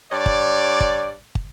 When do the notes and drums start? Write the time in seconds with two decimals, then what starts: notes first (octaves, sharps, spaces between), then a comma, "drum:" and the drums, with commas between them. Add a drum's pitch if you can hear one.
0.12 G2 C#5 D5
0.26 drum: kick
0.80 drum: kick
1.35 drum: kick